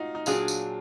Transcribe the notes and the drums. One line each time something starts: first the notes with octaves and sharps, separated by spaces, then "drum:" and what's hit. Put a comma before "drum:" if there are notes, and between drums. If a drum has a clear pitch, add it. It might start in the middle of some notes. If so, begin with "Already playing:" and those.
Already playing: D#4 F4 F#4
D#4
A#2 F#3 D4 F4 G#4, drum: tambourine
drum: tambourine